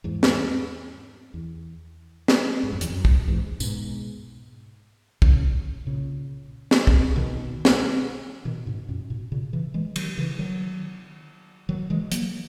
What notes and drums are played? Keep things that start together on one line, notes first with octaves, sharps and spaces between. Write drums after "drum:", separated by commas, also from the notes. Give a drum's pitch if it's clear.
E2 G#2
drum: snare
E2
drum: snare
G#2
F#2
E2, drum: hi-hat
F#2
drum: kick
E2 G#2
G#2 B2, drum: tambourine
A#2 C#3, drum: kick
A#2 C#3
drum: snare
drum: kick
B2 D#3
drum: snare
B2 D#3
G#2 B2
F#2 A#2
G#2 B2
A#2 C#3
C#3 E3
E3 G#3
D#3 F#3, drum: cymbal
C#3 E3
D#3 F#3
D#3 F#3
E3 G#3
F#3 A#3, drum: hi-hat